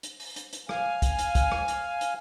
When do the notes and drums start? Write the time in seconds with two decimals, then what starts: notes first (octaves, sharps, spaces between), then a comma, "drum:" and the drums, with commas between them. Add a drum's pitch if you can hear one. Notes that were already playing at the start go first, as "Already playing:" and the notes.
0.03 drum: hi-hat
0.20 drum: open hi-hat
0.36 drum: hi-hat
0.53 drum: hi-hat
0.69 F5 G#5, drum: rim click
1.02 drum: kick, hi-hat
1.19 drum: hi-hat
1.35 drum: kick, hi-hat
1.52 drum: rim click
1.68 drum: hi-hat
2.01 drum: hi-hat